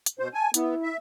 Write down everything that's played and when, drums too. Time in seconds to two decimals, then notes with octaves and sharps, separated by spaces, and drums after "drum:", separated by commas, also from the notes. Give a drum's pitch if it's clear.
0.06 drum: hi-hat
0.19 B2 C5
0.33 G#5 A5
0.54 B3 E4, drum: hi-hat
0.83 E5